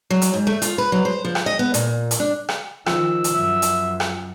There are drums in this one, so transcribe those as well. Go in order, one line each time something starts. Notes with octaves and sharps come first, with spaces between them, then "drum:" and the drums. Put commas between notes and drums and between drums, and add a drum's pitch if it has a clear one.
F#3
drum: hi-hat
G#2
A3
F4, drum: hi-hat
B4
F#3
C5
F3
drum: rim click
D#5
B3
A#2, drum: hi-hat
drum: hi-hat
D4
drum: rim click
D#3 F3 E6, drum: rim click
drum: hi-hat
F#2 E5
drum: hi-hat
drum: rim click